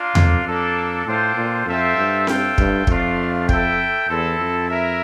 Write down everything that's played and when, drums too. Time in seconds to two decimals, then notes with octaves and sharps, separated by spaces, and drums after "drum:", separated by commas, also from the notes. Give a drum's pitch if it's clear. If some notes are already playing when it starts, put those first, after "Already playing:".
Already playing: A#3 D4 F4
0.15 F2, drum: tom E2
0.45 F2 A#3 D4 A4
1.05 A2 D4 F4 A4 C5 G5
1.36 A#2
1.66 F2 F4 A4 C5 E5 G5
1.96 G2
2.27 F4 A4 E5 G5, drum: snare C4
2.58 G2, drum: kick
2.87 F2 A3 D4 F4, drum: kick
3.49 E4 A4 E5 G5, drum: kick
4.09 E2 C4 E4 A4
4.39 F2
4.69 E4 A#4 E5